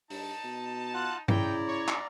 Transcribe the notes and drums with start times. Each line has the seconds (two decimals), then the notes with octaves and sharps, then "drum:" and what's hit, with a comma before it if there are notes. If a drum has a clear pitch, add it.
0.10 G2 D#4 A5, drum: open hi-hat
0.44 B2
0.94 F4 F#5 F#6
1.28 C#3 D#4 E4 D5 G5 A#5, drum: tom G2
1.67 C#5
1.88 drum: clap